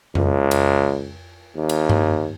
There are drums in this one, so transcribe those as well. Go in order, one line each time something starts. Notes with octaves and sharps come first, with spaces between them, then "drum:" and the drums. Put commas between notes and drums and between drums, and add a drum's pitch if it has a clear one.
C#2, drum: tom F2
drum: cymbal
D#2
drum: cymbal
drum: tom G2